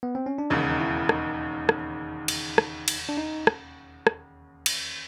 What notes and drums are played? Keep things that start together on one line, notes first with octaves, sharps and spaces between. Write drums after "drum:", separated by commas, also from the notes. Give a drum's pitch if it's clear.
B3
C4
C#4
D4
E1 D#2 C#3 D#4
D#4
E4
D#4, drum: rim click
drum: rim click
drum: cymbal
drum: rim click
drum: cymbal
D4
D#4
drum: rim click
drum: rim click
drum: cymbal